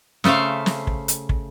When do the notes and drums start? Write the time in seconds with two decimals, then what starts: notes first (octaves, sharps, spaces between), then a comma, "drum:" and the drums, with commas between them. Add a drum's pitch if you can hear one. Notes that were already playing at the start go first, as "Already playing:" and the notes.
0.24 C#3 A3 C5 E5 F5, drum: snare
0.66 drum: snare
0.87 drum: kick
1.08 drum: hi-hat
1.29 drum: kick